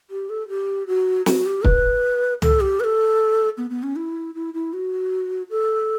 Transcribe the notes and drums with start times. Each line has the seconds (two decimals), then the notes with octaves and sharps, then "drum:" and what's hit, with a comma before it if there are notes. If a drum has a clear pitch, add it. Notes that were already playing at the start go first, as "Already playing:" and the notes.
0.10 G4
0.30 A4
0.48 G4
0.87 F#4
1.26 F#4, drum: snare
1.46 G4
1.64 B4, drum: kick
2.42 A4, drum: tom
2.61 G4
2.80 B4
2.84 A4
3.58 B3
3.70 B3
3.83 C#4
3.96 E4
4.35 E4
4.54 E4
4.73 F#4
5.50 A4